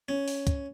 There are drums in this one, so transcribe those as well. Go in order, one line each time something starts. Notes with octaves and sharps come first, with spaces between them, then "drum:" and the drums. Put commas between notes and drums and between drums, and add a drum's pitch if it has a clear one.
C#4
drum: open hi-hat
drum: kick, hi-hat